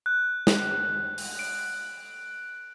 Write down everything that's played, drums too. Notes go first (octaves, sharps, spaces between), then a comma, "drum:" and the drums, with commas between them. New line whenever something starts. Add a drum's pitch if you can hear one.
F#6
drum: snare
drum: open hi-hat
D7